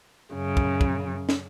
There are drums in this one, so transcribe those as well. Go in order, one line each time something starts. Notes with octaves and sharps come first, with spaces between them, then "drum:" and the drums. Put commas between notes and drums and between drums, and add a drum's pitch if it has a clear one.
F#2 C#3
drum: kick
drum: kick
drum: snare